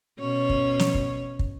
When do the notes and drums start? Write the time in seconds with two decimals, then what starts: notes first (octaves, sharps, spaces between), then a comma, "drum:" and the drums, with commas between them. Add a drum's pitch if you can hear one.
0.20 B2 C#4 C#5
0.49 drum: kick
0.79 drum: snare
0.94 drum: kick
1.39 drum: kick